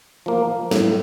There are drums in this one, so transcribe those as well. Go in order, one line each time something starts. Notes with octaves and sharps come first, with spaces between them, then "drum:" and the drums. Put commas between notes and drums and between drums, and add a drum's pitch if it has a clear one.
F3 A#3
A2, drum: snare